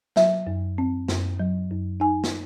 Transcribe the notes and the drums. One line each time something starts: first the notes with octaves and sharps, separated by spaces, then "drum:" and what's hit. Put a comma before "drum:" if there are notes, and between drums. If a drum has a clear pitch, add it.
F#3 E5, drum: snare
F#2
C4
F#2, drum: snare
F#3
F#2
D#4 G#5
drum: snare